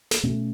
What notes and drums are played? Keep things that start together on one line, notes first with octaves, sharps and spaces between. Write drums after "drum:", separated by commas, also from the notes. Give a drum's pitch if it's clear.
drum: snare
B2 A3 C#4